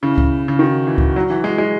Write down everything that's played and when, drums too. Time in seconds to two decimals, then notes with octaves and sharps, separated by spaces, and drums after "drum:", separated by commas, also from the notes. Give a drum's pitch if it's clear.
0.03 C#3 E4
0.18 drum: kick C#2
0.48 C#3
0.59 D#3 F#4
0.87 E3
0.98 drum: kick C#2
1.16 F#3
1.30 E3
1.44 G#3
1.58 G#3